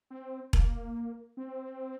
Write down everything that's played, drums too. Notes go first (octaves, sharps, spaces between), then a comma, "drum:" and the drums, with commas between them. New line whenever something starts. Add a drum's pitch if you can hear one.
C4
A#3, drum: kick E1
C4